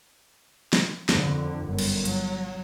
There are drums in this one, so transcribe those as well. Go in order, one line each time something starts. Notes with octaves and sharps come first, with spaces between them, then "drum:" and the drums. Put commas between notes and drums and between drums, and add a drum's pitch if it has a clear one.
drum: snare
F2 D3, drum: snare
G1 F#2
drum: cymbal
F#3, drum: hi-hat